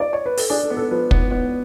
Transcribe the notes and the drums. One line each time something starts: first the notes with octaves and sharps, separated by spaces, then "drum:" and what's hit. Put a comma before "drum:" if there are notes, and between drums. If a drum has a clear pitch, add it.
D5
C#5
B4
A4, drum: open hi-hat
D4 G#4
A4
B3
A4
F3 B4
B3, drum: kick
B3